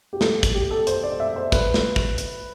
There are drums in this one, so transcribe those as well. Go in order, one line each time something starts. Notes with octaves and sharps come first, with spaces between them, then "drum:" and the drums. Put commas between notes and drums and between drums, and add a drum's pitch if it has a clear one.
G4
A4, drum: snare
drum: kick, hi-hat
G4
A4
C5, drum: hi-hat
D5
E5
C5
B4, drum: kick, hi-hat
drum: snare
drum: kick
drum: hi-hat